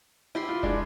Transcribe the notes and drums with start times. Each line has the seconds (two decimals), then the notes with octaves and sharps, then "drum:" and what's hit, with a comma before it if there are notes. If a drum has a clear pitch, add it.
0.35 E4 G4 C6
0.49 F4
0.63 G#3 D4, drum: kick